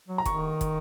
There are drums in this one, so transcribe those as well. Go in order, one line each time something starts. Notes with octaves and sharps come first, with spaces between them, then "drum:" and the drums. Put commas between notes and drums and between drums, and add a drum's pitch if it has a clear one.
F#3
A#5
D#3 C#6, drum: kick, hi-hat
drum: kick, hi-hat